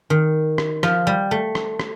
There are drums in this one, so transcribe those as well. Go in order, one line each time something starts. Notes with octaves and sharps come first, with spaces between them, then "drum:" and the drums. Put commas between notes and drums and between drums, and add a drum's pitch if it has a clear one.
D#3
drum: rim click
F3, drum: rim click
G3
A3
drum: rim click
drum: rim click